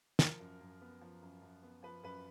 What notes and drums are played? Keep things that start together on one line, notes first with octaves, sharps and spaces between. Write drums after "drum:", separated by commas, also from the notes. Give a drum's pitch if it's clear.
F3 A#4, drum: snare
F#2
F#2
B3
F3
F#2
F#2
B3
F3 B4
F#2 B4